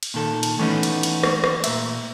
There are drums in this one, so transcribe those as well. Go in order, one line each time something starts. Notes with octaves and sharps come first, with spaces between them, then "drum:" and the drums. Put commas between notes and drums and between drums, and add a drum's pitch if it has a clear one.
drum: cymbal
A#2 D#3 A4
drum: cymbal
E3 A3 B3 C#4 D#4
drum: cymbal
drum: cymbal
drum: rim click
drum: rim click
A#2 E5, drum: cymbal